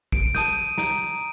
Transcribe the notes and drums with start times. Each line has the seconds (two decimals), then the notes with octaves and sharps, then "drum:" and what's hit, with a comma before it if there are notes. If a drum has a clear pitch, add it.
0.12 D7, drum: kick
0.35 A5 D#6 G6 D#7, drum: snare
0.78 A#5 D#6 G6 D7, drum: snare